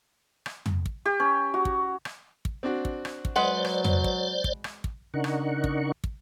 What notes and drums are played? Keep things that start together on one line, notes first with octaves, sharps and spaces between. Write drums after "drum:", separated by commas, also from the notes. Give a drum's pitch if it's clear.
drum: rim click
drum: tom
drum: kick
G4
C#4
F#4
drum: kick
drum: rim click
drum: kick
C4 D4 F#4
drum: kick
drum: rim click
drum: kick
F#3 G#3 B4 C5 D5 F#5
drum: rim click
drum: tom
drum: kick
drum: kick
drum: rim click
drum: kick
C#3 D4 D#4 A#4 F#5 C#6
drum: rim click
drum: kick
drum: kick